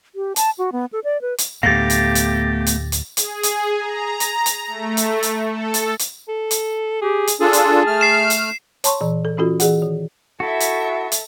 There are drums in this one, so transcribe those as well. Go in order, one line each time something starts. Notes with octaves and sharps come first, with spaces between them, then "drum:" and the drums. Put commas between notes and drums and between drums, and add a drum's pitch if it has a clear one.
G4
A5, drum: hi-hat
F#4
B3
A4
D5
B4
drum: hi-hat
D2 A2 A3 B3 G4 F5 A6 A#6
drum: hi-hat
drum: hi-hat
drum: hi-hat
drum: hi-hat
G#4, drum: hi-hat
drum: hi-hat
A#5
drum: hi-hat
drum: hi-hat
A3
drum: hi-hat
drum: hi-hat
A4
drum: hi-hat
drum: hi-hat
A4
drum: hi-hat
G4 G#4
drum: hi-hat
D4 F4 G#4 A4 A5
drum: hi-hat
A3 F6
C7 E7
drum: hi-hat
C#5 A5 C6 C#6, drum: hi-hat
A#2 E3
A4
E3 C#4 F4 F#4 A4
E3 G#4 F#5, drum: hi-hat
D#3
E4 F#4 A4 E5
drum: hi-hat
drum: hi-hat